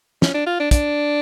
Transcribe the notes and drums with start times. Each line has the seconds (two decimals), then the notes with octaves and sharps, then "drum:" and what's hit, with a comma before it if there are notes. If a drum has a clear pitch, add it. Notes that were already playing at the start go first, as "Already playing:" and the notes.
0.22 C#4, drum: snare
0.34 D4
0.47 F4
0.60 D4
0.71 D4, drum: kick, hi-hat